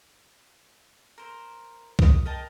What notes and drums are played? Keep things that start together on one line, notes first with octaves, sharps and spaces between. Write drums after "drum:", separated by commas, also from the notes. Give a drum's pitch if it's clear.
A#4 C5
D#6, drum: kick C2
A#4 D#5 G5 A5